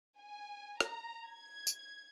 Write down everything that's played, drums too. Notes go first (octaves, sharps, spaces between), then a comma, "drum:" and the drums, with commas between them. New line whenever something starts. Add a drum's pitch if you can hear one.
G#5
A#5, drum: rim click
G#6
drum: tambourine